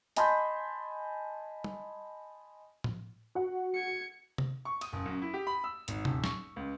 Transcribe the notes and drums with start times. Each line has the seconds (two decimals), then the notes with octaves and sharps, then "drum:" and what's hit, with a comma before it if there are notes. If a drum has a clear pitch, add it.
0.17 D#5 G#5 A5 B5 C6 G6, drum: hi-hat
1.64 drum: tom
2.84 drum: tom A2
3.35 F#4 F#5
3.74 G#6 C#7
4.38 drum: tom C3
4.65 C#6
4.81 D#6, drum: cymbal
4.93 F#1
5.06 F#2
5.22 E4
5.34 G4
5.47 B5
5.64 E6
5.88 G#1, drum: hi-hat
6.05 D#1, drum: tom C3
6.24 C#6, drum: snare
6.56 C#2